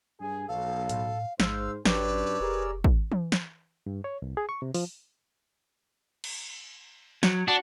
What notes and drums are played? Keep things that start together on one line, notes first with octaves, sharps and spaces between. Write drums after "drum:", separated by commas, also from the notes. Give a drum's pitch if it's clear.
G2 G#4 G#5
B1 A4 F5
A2, drum: hi-hat
A1 G#2 C5 F5 E6, drum: snare
G#1 F#2 D4 G4 B4 C#5 D5 E6, drum: snare
F1 G4 G#4 A#4
drum: kick
drum: tom E3
drum: snare
G2
C#5
C2
G#4
C#6
C3
F3, drum: open hi-hat
drum: cymbal
F#3, drum: snare
D4 F#4